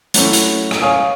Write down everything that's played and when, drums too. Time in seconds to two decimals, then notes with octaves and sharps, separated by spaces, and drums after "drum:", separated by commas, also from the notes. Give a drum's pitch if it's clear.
0.14 F#3 A3 C#4 E4, drum: hi-hat
0.33 drum: hi-hat
0.71 drum: rim click
0.82 C#5 F5 G#5 D#6